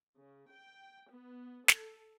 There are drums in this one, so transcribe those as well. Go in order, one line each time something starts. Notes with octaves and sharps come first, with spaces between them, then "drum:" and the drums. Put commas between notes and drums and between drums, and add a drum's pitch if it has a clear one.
C#3
G5
B3
A4, drum: snare